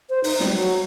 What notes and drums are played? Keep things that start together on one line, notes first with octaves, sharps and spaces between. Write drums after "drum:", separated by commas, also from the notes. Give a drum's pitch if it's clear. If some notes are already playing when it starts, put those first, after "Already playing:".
C5
D#4, drum: open hi-hat
G3, drum: snare
F#3